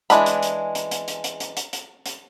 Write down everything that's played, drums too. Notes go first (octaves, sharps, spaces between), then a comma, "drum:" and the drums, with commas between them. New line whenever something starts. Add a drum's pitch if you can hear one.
E3 G#3 D4 B5, drum: hi-hat
drum: hi-hat
drum: hi-hat
drum: hi-hat
drum: hi-hat
drum: hi-hat
drum: hi-hat
drum: hi-hat
drum: hi-hat
drum: hi-hat
drum: hi-hat